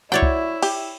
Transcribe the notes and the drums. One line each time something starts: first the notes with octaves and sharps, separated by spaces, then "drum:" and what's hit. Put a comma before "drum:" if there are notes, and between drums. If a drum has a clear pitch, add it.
F#3 E4 C#5 D5 G5
drum: kick
G4, drum: cymbal